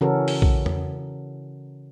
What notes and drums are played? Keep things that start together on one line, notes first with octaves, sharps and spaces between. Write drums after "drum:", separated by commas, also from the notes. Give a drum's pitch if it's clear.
C#3 E3 C#4 F#4 A4 A#4
drum: open hi-hat
drum: kick A#1
drum: tom E2